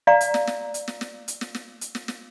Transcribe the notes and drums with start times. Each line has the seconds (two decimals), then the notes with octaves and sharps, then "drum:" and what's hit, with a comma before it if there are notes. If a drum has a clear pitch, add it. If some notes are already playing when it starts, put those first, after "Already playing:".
0.07 D5 F5 A#5
0.21 drum: hi-hat
0.34 drum: snare
0.47 drum: snare
0.74 drum: hi-hat
0.88 drum: snare
1.01 drum: snare
1.28 drum: hi-hat
1.41 drum: snare
1.55 drum: snare
1.81 drum: hi-hat
1.95 drum: snare
2.08 drum: snare